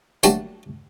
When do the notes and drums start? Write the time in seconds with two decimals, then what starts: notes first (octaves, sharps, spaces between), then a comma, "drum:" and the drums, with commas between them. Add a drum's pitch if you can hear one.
0.23 F#3 G3 A3 A#3 D4 F#4, drum: tambourine